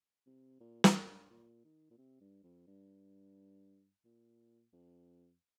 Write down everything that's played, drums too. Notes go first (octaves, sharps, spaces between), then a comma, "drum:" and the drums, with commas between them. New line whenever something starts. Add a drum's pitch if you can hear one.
C3
A#2
G2, drum: snare
F2
G2
G2
A#2
D#3
A#2
C3
G2
F2
G2
A#2
F2